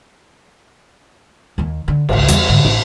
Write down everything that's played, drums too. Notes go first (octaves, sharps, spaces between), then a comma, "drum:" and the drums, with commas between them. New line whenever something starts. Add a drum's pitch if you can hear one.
D#2 D#3
D3
G#1 C#2, drum: cymbal
E2 G3, drum: hi-hat
G#2 D3
A1, drum: tom